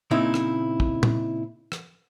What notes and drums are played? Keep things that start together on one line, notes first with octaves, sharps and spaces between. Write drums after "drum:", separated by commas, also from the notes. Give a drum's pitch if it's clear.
A#2 C#3 C4 D#4 E4
drum: rim click
drum: kick
drum: tom
drum: rim click